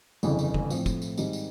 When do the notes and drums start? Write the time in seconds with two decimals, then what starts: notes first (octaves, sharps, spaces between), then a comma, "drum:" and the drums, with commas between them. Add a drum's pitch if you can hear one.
0.23 G1 F2 C#3 E3, drum: tambourine
0.39 drum: tambourine
0.54 drum: kick
0.70 A2 F3 A3 C4, drum: tambourine
0.86 drum: kick, tambourine
1.02 drum: tambourine
1.17 G#2 D#3 G3 C4, drum: tambourine
1.33 drum: tambourine